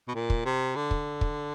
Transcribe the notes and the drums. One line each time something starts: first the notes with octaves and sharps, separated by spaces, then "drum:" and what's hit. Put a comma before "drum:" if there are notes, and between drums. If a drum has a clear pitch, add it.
B2
A#2
drum: kick
C3
D3
drum: kick
drum: kick